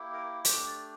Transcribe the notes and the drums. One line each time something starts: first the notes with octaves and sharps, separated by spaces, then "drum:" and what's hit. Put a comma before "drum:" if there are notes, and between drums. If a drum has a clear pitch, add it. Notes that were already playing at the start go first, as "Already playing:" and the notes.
Already playing: A#3 E4 G4
A#4
A3 D4 G4 C5, drum: hi-hat
D5